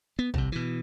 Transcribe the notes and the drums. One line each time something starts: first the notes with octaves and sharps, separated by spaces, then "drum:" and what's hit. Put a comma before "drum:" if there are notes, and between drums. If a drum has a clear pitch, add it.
B3
C2 C3, drum: kick
B2 E3